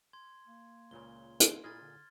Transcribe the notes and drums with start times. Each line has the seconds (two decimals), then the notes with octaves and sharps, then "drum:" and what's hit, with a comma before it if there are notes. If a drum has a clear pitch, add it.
0.13 C6 G#6
0.47 A#3
0.91 C#2 A#2 C#3 G7
1.40 drum: hi-hat
1.64 A#2 E4 G#4 D#5 F6 G#6 A6
1.82 D3